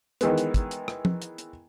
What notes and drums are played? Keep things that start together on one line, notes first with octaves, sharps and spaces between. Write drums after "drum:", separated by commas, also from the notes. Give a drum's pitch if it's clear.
D#3 E3 G#3 B3, drum: hi-hat
drum: hi-hat
drum: kick, hi-hat
drum: hi-hat
drum: rim click
drum: tom
drum: hi-hat
drum: hi-hat